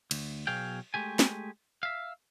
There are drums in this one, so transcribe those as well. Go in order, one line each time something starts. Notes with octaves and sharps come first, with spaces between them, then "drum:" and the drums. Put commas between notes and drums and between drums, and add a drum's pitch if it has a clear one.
D2, drum: cymbal
B1 B2 F#3 G#4 F5 G5
G#3 A3 G4 G#5
drum: snare
E5 F5